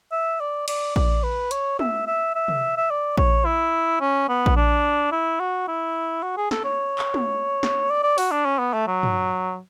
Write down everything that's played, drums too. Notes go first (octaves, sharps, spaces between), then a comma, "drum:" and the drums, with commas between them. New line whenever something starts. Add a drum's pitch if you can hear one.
E5
D5
D5, drum: cymbal
D5, drum: kick A#1
B4
C#5, drum: hi-hat
E5, drum: tom
E5
E5
drum: tom
E5
D5
C#5, drum: kick A#1
E4
C#4
B3
drum: kick A#1
D4
E4
F#4
E4
F#4
G#4
A4, drum: snare
C#5
drum: clap
drum: tom
drum: snare
D5
D5
F#4, drum: open hi-hat
D4
C#4
B3
A3
F#3
drum: tom